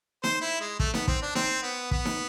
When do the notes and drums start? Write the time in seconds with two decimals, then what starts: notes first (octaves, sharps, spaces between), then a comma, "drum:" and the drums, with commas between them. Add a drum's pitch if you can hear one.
0.24 C5, drum: snare D#4
0.41 E4
0.61 G#3
0.80 A3, drum: kick
0.94 B3, drum: snare D#4
1.08 C4, drum: kick
1.22 D4
1.35 C4, drum: snare D#4
1.63 B3
1.91 B3, drum: kick
2.05 drum: snare D#4